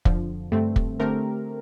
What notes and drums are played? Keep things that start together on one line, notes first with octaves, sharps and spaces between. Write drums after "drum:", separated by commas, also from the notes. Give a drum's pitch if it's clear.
F2 D3 F3, drum: kick
G2 D3 A3 C4
drum: kick
D3 A3 C4 G4 A#4